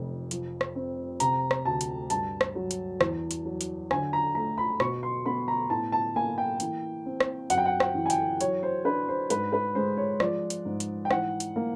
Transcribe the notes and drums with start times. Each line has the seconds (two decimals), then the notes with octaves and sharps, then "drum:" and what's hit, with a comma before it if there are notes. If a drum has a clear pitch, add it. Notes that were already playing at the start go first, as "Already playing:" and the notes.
Already playing: F1 F2
0.31 F3, drum: hi-hat
0.61 drum: rim click
0.75 C4
1.20 C3 A#5, drum: hi-hat
1.51 drum: rim click
1.65 D2 A5
1.81 drum: hi-hat
2.10 G2 A5, drum: hi-hat
2.41 drum: rim click
2.55 F#3
2.71 drum: hi-hat
3.01 E2, drum: rim click
3.31 drum: hi-hat
3.45 F#3
3.61 drum: hi-hat
3.91 D3 G#5, drum: rim click
4.13 A#5
4.35 A3 A#5
4.58 B5
4.80 B2 C#6, drum: rim click
5.03 C6
5.26 B3 B5
5.48 A#5
5.70 A2 A5
5.92 A5
6.15 A#3 G#5
6.38 G5
6.60 E3, drum: hi-hat
7.06 C4
7.20 drum: rim click
7.50 F#2 F#5, drum: hi-hat
7.58 G5
7.65 F#5
7.80 G5, drum: rim click
7.95 E3
8.06 G#5
8.10 G5, drum: hi-hat
8.41 F#3 C#5, drum: hi-hat
8.63 C5
8.85 D4 B4
9.08 C5
9.30 G#2 B4, drum: hi-hat
9.53 B4
9.75 G#3 C5
9.97 C#5
10.20 F3 D5, drum: rim click
10.50 drum: hi-hat
10.65 G#2
10.80 drum: hi-hat
11.05 G5
11.11 E3 F#5, drum: rim click
11.40 drum: hi-hat
11.56 A#3